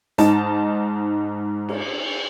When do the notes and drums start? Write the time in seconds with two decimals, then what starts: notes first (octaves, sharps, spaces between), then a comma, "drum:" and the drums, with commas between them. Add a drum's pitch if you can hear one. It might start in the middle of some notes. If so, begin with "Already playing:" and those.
0.18 G#2 D#4 A5, drum: hi-hat
1.69 drum: cymbal